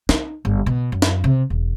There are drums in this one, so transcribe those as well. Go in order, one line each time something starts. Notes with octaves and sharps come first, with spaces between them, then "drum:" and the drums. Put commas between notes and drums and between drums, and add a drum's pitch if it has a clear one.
D#4, drum: snare
G1
B2
F#2
drum: snare
C3
E1